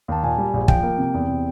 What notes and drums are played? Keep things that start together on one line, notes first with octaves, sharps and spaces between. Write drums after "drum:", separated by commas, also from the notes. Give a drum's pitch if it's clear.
D#2 A5
A#2 G#5
G3
A#1
F3 G5, drum: kick
A#3
C3
E2
C3